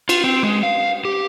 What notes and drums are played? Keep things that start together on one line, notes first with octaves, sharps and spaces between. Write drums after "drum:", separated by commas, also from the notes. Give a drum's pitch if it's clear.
F4, drum: cymbal
C4
G#3
F5
G4